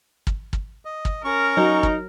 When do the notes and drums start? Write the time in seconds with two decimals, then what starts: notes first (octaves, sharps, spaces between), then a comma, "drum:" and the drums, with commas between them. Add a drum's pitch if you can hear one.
0.27 drum: kick
0.53 drum: kick
0.85 D#5
1.05 drum: kick
1.25 C#4 A#4 C#6
1.57 F#3 D#4
1.83 drum: kick